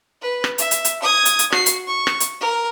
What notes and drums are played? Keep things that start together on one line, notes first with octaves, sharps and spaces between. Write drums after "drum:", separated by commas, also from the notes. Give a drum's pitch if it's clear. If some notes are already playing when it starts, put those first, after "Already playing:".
B4
drum: rim click
E5, drum: hi-hat
drum: hi-hat
drum: hi-hat
D#6 G#6
drum: hi-hat
drum: hi-hat
F#4 C7, drum: rim click
drum: hi-hat
C#6
drum: rim click
drum: hi-hat
A#4